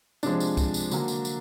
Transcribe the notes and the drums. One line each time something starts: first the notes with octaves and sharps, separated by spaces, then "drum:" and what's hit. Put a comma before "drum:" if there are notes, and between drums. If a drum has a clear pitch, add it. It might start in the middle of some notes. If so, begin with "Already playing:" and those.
C3 F3 G#3 D4, drum: tambourine
drum: tambourine
drum: kick C2, tambourine
drum: tambourine
D3 F#3 A#3, drum: tambourine
drum: tambourine
drum: tambourine